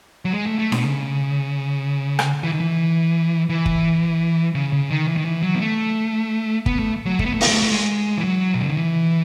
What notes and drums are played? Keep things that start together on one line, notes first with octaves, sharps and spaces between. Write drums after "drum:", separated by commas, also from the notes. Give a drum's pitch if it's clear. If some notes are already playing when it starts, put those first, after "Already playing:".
F#3
G#3
A3
A3
B2, drum: snare D4
C#3
drum: rim click
E3
D#3
E3
E3
drum: kick G1
C#3
C#3
D#3
E3
D#3
E3
F#3
B3
A3
B3, drum: kick G1
A3
F#3
A3, drum: kick G1
B3
A3
B3, drum: open hi-hat
A3
A3
G#3
E3
F#3
B2
C#3
D#3
E3